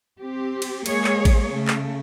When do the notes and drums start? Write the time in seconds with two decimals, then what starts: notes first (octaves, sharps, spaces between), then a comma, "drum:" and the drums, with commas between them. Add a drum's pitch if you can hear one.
0.20 C4 G4
0.62 drum: cymbal
0.86 G#3 A#3 G#4 C#5, drum: cymbal
1.04 drum: clap
1.25 drum: kick A1, cymbal
1.52 C#3 A3
1.68 drum: clap